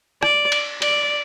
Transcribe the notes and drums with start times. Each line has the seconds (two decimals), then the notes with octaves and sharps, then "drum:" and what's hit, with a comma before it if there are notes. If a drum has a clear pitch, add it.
0.23 D5, drum: rim click
0.52 drum: cymbal
0.82 D5, drum: cymbal